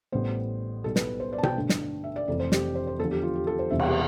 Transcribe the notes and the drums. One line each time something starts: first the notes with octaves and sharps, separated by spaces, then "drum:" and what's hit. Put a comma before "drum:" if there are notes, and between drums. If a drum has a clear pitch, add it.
A1 A2 G3 B3 C5
B1 B2 G3 A4
B4, drum: snare
C5
D5
A5
G5, drum: tom B2
G2 D3 A3
drum: snare
E5
D5
F1 F2 E3 A3 D5
C5
G4, drum: snare
C5
C5
E2 D3 F3 A4
G4
F4
G4
A4
C5
E1 E2 C3 E3 G3 E5
drum: cymbal
E5